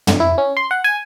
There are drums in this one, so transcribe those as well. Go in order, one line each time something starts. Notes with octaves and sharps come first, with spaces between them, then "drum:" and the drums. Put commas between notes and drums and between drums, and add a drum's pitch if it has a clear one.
D3, drum: tom
E4
C#4
C6
F#5
G#5